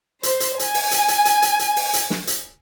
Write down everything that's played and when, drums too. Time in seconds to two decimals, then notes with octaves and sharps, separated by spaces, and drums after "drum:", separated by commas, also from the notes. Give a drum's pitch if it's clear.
0.23 C5, drum: hi-hat
0.40 drum: hi-hat
0.59 G#5, drum: hi-hat
0.74 drum: open hi-hat
0.91 drum: hi-hat
1.08 drum: hi-hat
1.25 drum: hi-hat
1.42 drum: hi-hat
1.59 drum: hi-hat
1.76 drum: open hi-hat
1.93 drum: hi-hat
2.10 drum: snare
2.27 drum: hi-hat